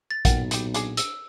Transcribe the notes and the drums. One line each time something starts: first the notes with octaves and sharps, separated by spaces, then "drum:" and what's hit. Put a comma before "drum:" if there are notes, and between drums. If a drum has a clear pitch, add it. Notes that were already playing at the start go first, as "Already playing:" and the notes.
A6
B1 A#2 A#4 F#5 G5, drum: kick A#1, hi-hat
B3 G4, drum: hi-hat
D4 G#4, drum: hi-hat
E6, drum: hi-hat